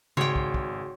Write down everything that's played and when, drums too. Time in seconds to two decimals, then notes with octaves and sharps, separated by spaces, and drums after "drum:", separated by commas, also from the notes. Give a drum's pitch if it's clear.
0.17 G#1 C#3 F#4 C#5 G5 C6
0.36 drum: kick
0.54 drum: kick